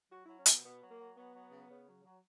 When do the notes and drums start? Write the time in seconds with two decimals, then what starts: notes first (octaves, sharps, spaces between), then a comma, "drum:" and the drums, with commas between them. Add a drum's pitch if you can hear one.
0.10 F#3 F#4
0.24 F#3 E4
0.36 C#4
0.46 B2 B3, drum: hi-hat
0.63 B2 B3
0.81 F#3
0.90 A#3
0.99 F#3
1.15 F#3 B3
1.33 F#3
1.52 C#3
1.69 C#3
1.87 F#3
2.04 F#3